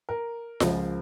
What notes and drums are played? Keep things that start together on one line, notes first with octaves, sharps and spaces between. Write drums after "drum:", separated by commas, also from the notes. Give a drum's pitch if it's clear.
A#4
C#2 C#3 F3, drum: snare F4